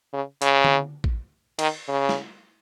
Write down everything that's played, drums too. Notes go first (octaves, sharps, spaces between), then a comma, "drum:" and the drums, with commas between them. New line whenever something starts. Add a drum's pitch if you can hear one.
C#3
C#3, drum: hi-hat
drum: tom D3
drum: kick A1
D#3, drum: cymbal
C#3
drum: snare